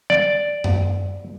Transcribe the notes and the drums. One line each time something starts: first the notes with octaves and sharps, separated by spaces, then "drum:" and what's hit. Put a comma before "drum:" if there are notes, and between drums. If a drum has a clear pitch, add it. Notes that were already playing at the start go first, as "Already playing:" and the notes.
D5
drum: tom F#2